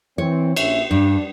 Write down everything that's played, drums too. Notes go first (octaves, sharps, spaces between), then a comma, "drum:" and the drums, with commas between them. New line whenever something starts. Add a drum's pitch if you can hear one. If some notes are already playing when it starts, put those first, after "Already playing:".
E3 C4 C#5
A#1 C#4 E5, drum: cymbal
G2 D4